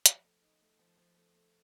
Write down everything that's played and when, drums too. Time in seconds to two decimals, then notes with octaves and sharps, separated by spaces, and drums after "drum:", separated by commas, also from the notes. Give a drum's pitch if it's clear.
0.06 F3, drum: hi-hat
0.24 A3
0.42 D#4
0.61 A3
0.79 F3
0.97 F3
1.16 A3
1.35 A3